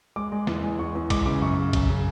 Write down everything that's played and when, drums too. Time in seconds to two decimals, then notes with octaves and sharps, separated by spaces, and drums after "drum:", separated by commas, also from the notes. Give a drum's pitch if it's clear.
0.16 G#3 D6
0.32 G#3
0.47 E2, drum: snare
0.64 G#3
0.79 E2 C#6
0.95 E2
1.10 G#3 D6, drum: kick A#1, cymbal
1.26 C#3 D6
1.42 F#2 C#6
1.58 C#3
1.73 F#2, drum: kick A#1, cymbal
1.90 C#3